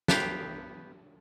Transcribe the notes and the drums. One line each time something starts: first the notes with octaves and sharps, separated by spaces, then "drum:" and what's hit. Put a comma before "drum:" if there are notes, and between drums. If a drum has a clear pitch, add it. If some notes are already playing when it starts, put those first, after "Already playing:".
B3 G4 F5 G5, drum: snare